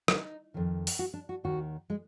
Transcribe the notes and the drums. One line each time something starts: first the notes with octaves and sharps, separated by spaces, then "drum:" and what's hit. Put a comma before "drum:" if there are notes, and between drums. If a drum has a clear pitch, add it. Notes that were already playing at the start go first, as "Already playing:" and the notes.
D#4, drum: rim click
F2 D#3
drum: open hi-hat
F#4
D4
F#4
D#2 D#3 F#4
G#3